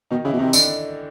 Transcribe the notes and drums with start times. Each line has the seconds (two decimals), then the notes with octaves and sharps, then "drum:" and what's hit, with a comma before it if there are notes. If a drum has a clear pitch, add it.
0.11 B2 D#3 D#4
0.25 C#3 E3 E4
0.33 B2
0.39 C3 D#3 D#4
0.53 D3 D4, drum: tambourine